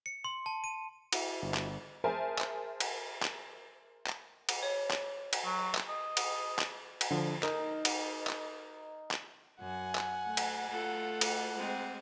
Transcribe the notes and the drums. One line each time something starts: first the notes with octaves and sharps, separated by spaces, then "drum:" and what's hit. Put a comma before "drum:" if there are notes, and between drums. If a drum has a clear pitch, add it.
C#7
C6
A5
D#7
E4 F#4 E5, drum: cymbal
G1
drum: clap
G#4 A#4 C5 E5 G#5 A5
drum: clap
drum: cymbal
drum: clap
drum: clap
drum: cymbal
C#5
drum: clap
drum: cymbal
F#3
drum: clap
D#5
drum: cymbal
drum: clap
drum: cymbal
D3 F3
D#4 A#4, drum: clap
drum: cymbal
drum: clap
drum: clap
F#2 F#5 G#5
drum: clap
A3
drum: cymbal
A3 F4 A4 F#5
drum: cymbal
G#3 C4